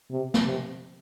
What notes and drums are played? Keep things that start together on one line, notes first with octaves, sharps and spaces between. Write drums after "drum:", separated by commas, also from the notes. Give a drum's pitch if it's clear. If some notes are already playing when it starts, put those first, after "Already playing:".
C3
drum: snare
C3